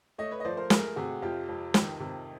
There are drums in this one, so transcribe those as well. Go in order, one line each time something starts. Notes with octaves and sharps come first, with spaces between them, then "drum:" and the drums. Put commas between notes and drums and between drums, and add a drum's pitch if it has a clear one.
A3 C#5 D#5
B4 C#5
D#5
F3 C5 D5
A#4 C5
A3 G#4 A#4, drum: snare
C3 F#4 G#4
F2 F4 G4
F2
D#3, drum: snare
C3